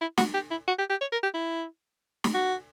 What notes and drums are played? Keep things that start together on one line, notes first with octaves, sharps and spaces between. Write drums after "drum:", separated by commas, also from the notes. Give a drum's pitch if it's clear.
E4
F#4, drum: snare
G4
E4
F#4
G4
G4
C#5
A#4
G4
E4
drum: snare
F#4